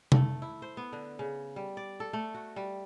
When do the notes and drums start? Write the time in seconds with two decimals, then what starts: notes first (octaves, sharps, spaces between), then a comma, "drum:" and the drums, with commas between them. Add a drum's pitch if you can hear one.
0.12 A3, drum: tom C3
0.42 E4
0.62 C5
0.77 B3
0.93 D3
1.19 C#3
1.56 G3
1.77 D5
2.00 A4
2.13 A3
2.35 F#4
2.56 G3